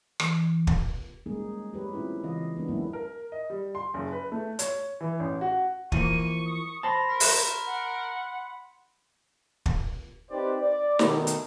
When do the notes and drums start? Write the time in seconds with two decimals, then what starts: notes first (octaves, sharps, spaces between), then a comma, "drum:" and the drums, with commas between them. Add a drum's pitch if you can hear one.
0.20 E3, drum: rim click
0.67 drum: kick
1.26 G3 G#3 A#3 C#4 D#4 G#4
1.72 F#3 G4 B4 C#5
1.93 C4 C#4 E4 F4
2.23 C#3 E3 C4 D#5 F5
2.55 G#3 B3 D4 B4
2.68 F#3 G#3 A#3 C#4 D#4 E4
2.93 A#4
3.32 D#5
3.50 G3
3.75 C6
3.94 F#1
4.11 B4
4.32 A3
4.59 C#5, drum: hi-hat
5.01 E3
5.20 A1
5.41 F#4
5.92 E3 F3 A#3 C#6 D#7, drum: kick
6.46 D#6
6.83 C5 A5 B5 C6 A#6
7.09 A#4 B6
7.20 drum: open hi-hat
7.66 F#5
9.66 drum: kick
10.30 C4 D#4 G4 B4 C5 D5
10.61 D5
10.99 B2 D#3 A3, drum: snare
11.27 drum: hi-hat